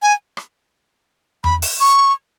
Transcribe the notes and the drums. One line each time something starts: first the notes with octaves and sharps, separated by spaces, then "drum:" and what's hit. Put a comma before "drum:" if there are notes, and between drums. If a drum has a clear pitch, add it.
G#5
drum: rim click
B5, drum: tom E2
drum: open hi-hat
C#6